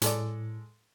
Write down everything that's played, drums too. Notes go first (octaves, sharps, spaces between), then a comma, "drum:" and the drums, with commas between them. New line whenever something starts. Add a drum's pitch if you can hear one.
A2 G#3 A4 D5, drum: hi-hat